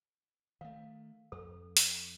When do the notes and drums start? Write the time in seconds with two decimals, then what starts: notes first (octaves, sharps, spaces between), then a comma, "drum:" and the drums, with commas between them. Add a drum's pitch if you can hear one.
0.61 D#3 A3 F5
1.32 F2 A4
1.77 drum: open hi-hat